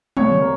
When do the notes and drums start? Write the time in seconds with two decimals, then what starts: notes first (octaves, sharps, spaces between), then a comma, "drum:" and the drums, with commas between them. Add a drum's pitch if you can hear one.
0.17 C2 C#5, drum: tom
0.41 A#3